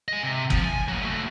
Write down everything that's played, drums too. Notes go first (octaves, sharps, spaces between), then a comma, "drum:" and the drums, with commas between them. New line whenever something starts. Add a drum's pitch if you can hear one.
D#5 G#5
C3
F3, drum: kick
G#5
F#3 A#3
A3 F#4